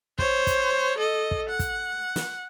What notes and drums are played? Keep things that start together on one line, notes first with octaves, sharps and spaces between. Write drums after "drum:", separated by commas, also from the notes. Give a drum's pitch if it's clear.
C5 C#5, drum: kick
drum: kick, hi-hat
A4 D#5
drum: kick
F#5
drum: kick, hi-hat
drum: snare